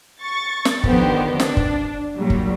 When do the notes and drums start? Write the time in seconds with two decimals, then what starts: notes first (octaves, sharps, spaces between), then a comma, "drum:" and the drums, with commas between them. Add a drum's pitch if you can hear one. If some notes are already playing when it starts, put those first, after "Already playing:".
0.21 C#6 A6
0.65 drum: snare
0.84 D3 D#3 F3 B3 G4 C5, drum: kick F#1
1.40 D4, drum: snare
1.57 drum: kick F#1
2.18 A#2 F#3 G3
2.30 drum: kick F#1